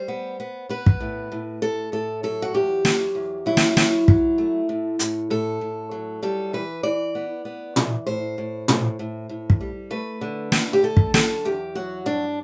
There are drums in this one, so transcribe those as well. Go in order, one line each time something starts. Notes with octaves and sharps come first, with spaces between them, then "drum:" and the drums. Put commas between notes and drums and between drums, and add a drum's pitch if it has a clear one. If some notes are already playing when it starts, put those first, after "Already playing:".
Already playing: G3 C5
B3
B3
B3 B4
drum: kick
A2
A2
A2 A4
A2 A4
F#3 A4
F#4
E2 G4
F#3, drum: snare
E2
F#3 E4
drum: snare
F#3, drum: snare
F#3, drum: kick
A3
A2
A2, drum: hi-hat
A2 A4
A2
F#3
G3 A4
E3 B4
E3 D5
B3
B3
E3, drum: tom
A2 C5
A2
A2, drum: tom
A2
A2
drum: kick
G3
A3 B4
D3
A3, drum: snare
G4
D3 A4
drum: kick
F#3 A4, drum: snare
E2 G4
F#3 F#4
G2 D4